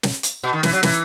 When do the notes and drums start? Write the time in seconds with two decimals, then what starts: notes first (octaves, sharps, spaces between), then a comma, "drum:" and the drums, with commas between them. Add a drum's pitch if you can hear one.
0.03 drum: snare
0.23 drum: hi-hat
0.43 B2
0.53 D#3
0.63 E3, drum: snare
0.73 F#3
0.83 E3, drum: snare